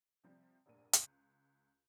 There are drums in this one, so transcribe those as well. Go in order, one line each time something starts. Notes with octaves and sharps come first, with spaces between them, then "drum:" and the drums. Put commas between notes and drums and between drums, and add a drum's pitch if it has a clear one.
C3 F3 G3 C4
F1 A#1 G2 A#2 D#7
C#2, drum: hi-hat